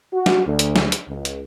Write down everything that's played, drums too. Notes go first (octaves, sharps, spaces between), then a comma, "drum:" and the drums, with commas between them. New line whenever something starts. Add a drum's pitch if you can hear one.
F#4
drum: snare
D2
drum: hi-hat
drum: snare
drum: hi-hat
C#2
drum: hi-hat